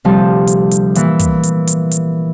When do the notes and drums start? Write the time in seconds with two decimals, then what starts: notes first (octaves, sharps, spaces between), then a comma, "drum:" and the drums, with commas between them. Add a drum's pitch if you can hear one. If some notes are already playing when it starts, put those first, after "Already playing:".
0.05 D2 C3 F3 G3 F4 A5
0.47 drum: hi-hat
0.71 drum: hi-hat
0.95 A#2 E3, drum: hi-hat
1.19 drum: kick, hi-hat
1.43 drum: hi-hat
1.67 drum: hi-hat
1.91 drum: hi-hat